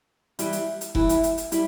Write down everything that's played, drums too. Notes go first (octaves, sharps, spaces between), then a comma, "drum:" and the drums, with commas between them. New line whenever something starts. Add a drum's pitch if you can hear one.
E3 G3 E4, drum: hi-hat
drum: hi-hat
drum: hi-hat
E3 G3 E4, drum: kick F1
drum: hi-hat
drum: hi-hat
drum: hi-hat
G3 E4, drum: hi-hat